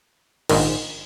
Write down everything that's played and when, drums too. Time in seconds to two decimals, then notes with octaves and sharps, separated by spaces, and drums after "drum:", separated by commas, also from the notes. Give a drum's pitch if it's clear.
0.49 A#1 G#2 D#3, drum: cymbal